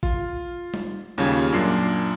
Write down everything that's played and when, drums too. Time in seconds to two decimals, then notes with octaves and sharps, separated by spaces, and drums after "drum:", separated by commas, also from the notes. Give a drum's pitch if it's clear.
0.03 F4, drum: kick
0.74 drum: tom G3
1.18 D#2 C#3 G3 C#4 F4 G#6
1.52 F#2 A#2 D4 C7